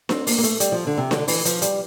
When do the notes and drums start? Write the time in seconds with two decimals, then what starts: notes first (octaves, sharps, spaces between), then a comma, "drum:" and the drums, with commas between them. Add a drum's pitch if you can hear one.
0.09 C4, drum: snare D4
0.27 A#3, drum: open hi-hat
0.38 A#3
0.43 A3, drum: hi-hat
0.60 G3, drum: hi-hat
0.72 F3
0.87 D3
0.97 C3
1.11 D3, drum: snare D4
1.28 E3, drum: open hi-hat
1.45 F3, drum: hi-hat
1.62 G3, drum: hi-hat